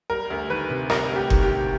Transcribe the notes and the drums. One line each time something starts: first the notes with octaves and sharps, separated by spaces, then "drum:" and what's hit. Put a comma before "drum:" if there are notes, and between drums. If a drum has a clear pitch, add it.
G3 A#4
D2
D#3 B4
C3
G3 A#4, drum: rim click
D2
G4
D#3, drum: kick F#1
G4
C3